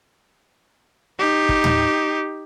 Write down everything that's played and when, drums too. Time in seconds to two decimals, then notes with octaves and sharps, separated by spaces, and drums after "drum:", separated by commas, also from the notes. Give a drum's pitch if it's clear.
1.19 D#4 G4
1.49 drum: kick
1.64 drum: tom